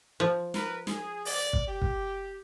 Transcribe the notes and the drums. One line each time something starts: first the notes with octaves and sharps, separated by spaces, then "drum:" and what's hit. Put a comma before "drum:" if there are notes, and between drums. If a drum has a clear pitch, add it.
F3
A#4 B4, drum: snare
G#4, drum: snare
D5, drum: open hi-hat
drum: kick
G4
drum: kick